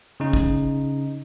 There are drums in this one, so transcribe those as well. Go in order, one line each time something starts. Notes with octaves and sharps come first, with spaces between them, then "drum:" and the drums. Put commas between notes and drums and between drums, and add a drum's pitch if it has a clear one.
C#3 D#4
drum: kick